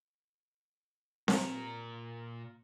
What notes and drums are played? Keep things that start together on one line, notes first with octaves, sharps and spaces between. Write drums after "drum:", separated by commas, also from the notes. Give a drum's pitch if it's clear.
A#2 A#5, drum: snare C4